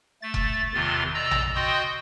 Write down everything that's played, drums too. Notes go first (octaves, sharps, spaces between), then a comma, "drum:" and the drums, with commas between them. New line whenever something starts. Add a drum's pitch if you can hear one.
A3 A6
drum: kick F1
E2 C3 D#3 F4 C6
D5 D#5 A#5 E6
drum: tom
F#4 D#5 G5 C6 D#6 G6